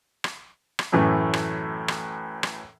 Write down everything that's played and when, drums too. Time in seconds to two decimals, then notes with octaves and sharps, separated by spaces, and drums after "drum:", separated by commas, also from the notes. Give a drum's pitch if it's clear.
0.24 drum: rim click
0.79 drum: rim click
0.92 F#2 A2 E3 A3
1.34 drum: rim click
1.88 drum: rim click
2.43 drum: rim click